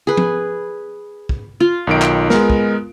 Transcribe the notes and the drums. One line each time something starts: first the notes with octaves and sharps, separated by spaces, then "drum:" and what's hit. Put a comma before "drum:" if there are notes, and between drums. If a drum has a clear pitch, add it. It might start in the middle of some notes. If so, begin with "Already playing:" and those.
G#4 B4
drum: tom F3
drum: kick
F4
B1 D#3 D7
drum: clap
G#3 B3 A#4, drum: snare
drum: kick